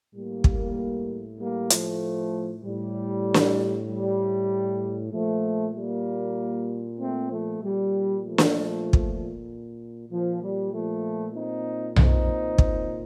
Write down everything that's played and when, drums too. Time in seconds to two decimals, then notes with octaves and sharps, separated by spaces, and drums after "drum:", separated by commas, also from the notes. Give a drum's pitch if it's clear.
0.15 A2 G3 A#3
0.44 drum: kick
1.39 G3 A#3
1.70 F3 A3, drum: hi-hat
2.63 A2 G3
3.34 drum: snare
3.88 G3
5.12 A#2 F3 A3
5.75 G3 A#3
6.98 A3 C4
7.30 F3 A3
7.61 A#2 G3
8.23 F3 A3
8.38 drum: snare
8.93 drum: kick
10.10 A#2 F3
10.41 G3
10.72 F3 A3
11.34 C4 D#4
11.96 C4 D#4, drum: tom B1
12.58 A#2, drum: kick